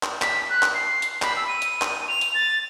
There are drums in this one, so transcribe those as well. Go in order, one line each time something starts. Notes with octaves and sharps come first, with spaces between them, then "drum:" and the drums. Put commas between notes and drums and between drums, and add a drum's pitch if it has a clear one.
drum: clap
B6, drum: clap
F#6
drum: clap
C7
drum: hi-hat
B5, drum: clap
E6
D#7
drum: hi-hat
drum: clap
F7
drum: hi-hat
A6